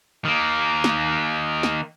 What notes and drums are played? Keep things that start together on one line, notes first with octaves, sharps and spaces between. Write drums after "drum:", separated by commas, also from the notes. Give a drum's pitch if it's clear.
D#3 A#3
drum: snare
drum: snare